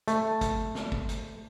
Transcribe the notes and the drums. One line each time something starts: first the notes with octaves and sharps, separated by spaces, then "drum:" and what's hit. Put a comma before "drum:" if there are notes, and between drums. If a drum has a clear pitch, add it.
A3, drum: hi-hat
drum: kick, hi-hat
drum: snare
drum: kick
drum: hi-hat